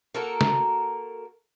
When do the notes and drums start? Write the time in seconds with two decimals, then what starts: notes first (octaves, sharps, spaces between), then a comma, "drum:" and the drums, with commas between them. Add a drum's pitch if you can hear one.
0.14 A#3 F#4 A4 A#4
0.41 drum: snare